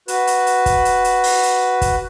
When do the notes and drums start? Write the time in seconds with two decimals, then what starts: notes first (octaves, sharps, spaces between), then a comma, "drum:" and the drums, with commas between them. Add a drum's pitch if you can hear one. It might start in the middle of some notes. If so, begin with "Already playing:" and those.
0.08 F#4 B4, drum: hi-hat
0.27 drum: hi-hat
0.47 drum: hi-hat
0.66 drum: kick, hi-hat
0.85 drum: hi-hat
1.04 drum: hi-hat
1.24 drum: open hi-hat
1.43 drum: hi-hat
1.82 drum: kick, hi-hat